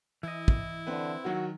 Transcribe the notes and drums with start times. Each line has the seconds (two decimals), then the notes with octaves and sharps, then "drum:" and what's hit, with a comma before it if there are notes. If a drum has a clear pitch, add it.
0.23 E3 E4 D#5
0.48 drum: kick
0.87 D3 C4 B4
1.24 D#3 F#3 F#4